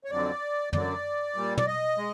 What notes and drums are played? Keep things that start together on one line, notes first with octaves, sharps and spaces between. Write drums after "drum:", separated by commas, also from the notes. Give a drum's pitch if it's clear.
C#5
F2 D3 F#3 D5
F#2 D3 F#3 D5, drum: tom F#2
A#2 G3
D5, drum: tom
D#5
G#3